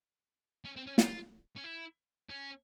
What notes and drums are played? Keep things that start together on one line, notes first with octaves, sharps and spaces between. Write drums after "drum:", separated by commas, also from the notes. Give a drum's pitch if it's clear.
C#4
C4
C#4
F4, drum: snare
C#4
E4
C#4